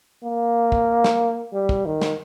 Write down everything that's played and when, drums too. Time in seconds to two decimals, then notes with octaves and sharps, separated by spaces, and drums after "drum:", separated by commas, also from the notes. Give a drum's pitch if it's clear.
0.24 A#3
0.72 drum: kick
1.04 drum: snare
1.53 G3
1.69 drum: kick
1.85 D#3
2.02 drum: snare